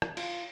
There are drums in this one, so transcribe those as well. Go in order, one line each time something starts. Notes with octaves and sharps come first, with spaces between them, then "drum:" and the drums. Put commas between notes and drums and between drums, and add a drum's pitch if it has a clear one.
drum: rim click
F4, drum: cymbal